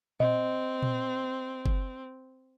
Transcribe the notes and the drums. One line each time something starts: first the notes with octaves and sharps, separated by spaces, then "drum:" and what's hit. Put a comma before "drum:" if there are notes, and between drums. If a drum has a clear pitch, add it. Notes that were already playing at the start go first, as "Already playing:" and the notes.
C4 D#5, drum: tom A#2
drum: tom A#2
drum: kick F#1